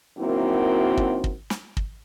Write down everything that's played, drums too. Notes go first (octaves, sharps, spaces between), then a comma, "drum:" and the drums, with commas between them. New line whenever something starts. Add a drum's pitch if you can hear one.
F#2 D#3 A#3 C4 E4 F#4
drum: kick
drum: kick
drum: snare
drum: kick